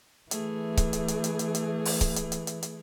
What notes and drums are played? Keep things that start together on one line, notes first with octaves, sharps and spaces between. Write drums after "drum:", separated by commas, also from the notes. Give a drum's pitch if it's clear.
E3 A3 G#4, drum: hi-hat
drum: kick C#1, hi-hat
drum: hi-hat
drum: hi-hat
drum: hi-hat
drum: hi-hat
drum: hi-hat
drum: open hi-hat
drum: kick C#1, hi-hat
drum: hi-hat
drum: hi-hat
drum: hi-hat
drum: hi-hat